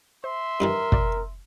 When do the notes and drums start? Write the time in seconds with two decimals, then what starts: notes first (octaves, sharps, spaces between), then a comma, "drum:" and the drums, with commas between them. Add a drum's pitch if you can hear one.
0.24 C5 E5 C6
0.60 G2 D#3 E3 A#4
0.92 F2 B2 D5, drum: kick